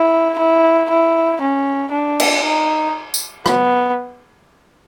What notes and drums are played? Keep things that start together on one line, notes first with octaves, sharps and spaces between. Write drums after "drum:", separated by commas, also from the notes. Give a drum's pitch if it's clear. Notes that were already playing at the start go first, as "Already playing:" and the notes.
Already playing: E4
E4
E4
C#4
D4
drum: cymbal
D#4
drum: tambourine
B3, drum: rim click